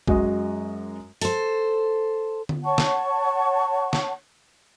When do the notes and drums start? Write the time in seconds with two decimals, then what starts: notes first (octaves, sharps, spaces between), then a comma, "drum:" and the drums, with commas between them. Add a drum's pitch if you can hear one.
0.08 F#2 G#3 F#4 D#5, drum: kick
1.21 A4 C5, drum: open hi-hat
2.49 drum: tom D3
2.63 C#5 F#5 A5 C#6
2.78 drum: snare
3.93 drum: snare